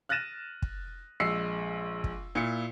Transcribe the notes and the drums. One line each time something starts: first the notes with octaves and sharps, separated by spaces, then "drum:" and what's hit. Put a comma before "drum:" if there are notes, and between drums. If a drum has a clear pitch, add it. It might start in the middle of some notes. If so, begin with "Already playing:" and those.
F6 F#6 A6 A#6 D#7 E7
drum: kick
A#1 G#3 E6 C7 C#7
drum: kick
A#2 E4 C#7